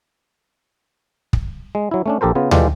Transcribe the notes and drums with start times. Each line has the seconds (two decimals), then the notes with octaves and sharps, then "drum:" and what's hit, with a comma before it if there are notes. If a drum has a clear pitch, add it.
1.33 drum: kick
1.75 G#3
1.91 F#3 E4
2.06 A3 C#4 D4
2.21 A#1 G4 A4 A#4 C5
2.35 C#3 B3 F4
2.51 E3 G#3 F4 G4 A4 D5, drum: tom D2